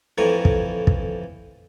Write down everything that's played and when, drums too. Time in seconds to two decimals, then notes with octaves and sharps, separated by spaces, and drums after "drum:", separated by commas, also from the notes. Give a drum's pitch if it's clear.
0.18 F2 A2 E3 C#5 A#5
0.45 drum: kick
0.87 drum: kick